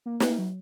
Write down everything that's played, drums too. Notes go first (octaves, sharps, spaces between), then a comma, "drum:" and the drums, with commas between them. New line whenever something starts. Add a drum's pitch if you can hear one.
A#3
B3, drum: snare
A#3
F#3